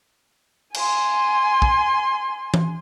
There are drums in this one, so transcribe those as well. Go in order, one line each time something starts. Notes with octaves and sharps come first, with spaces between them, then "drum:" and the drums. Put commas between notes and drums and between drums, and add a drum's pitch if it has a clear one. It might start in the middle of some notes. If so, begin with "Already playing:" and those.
G#5 C6, drum: cymbal
drum: kick
drum: tom E3